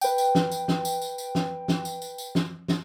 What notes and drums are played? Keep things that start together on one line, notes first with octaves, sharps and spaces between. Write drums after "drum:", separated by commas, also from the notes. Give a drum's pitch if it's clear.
B4 G5, drum: tambourine
drum: tambourine
drum: snare
drum: tambourine
drum: snare
drum: tambourine
drum: tambourine
drum: tambourine
drum: snare
drum: snare
drum: tambourine
drum: tambourine
drum: tambourine
drum: snare
drum: snare